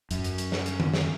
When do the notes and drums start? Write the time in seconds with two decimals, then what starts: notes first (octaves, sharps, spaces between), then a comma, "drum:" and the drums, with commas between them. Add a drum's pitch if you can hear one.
0.11 F#2, drum: hi-hat
0.24 drum: hi-hat
0.38 drum: hi-hat
0.52 drum: snare
0.66 drum: hi-hat
0.80 drum: tom D#3
0.93 drum: snare